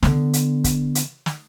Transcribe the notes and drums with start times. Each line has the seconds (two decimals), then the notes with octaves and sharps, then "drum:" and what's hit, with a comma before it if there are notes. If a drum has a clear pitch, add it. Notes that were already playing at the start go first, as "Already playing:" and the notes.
0.03 D3 B3, drum: snare
0.33 drum: hi-hat
0.64 drum: kick, hi-hat
0.95 drum: hi-hat
1.26 drum: snare